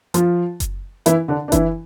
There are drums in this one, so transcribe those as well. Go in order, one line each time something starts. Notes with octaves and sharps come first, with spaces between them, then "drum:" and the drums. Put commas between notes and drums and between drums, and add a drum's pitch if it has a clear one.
F3 F4, drum: hi-hat
drum: kick F#1, hi-hat
E3 E4, drum: hi-hat
D3 D4
D4
E3 E4, drum: kick F#1, hi-hat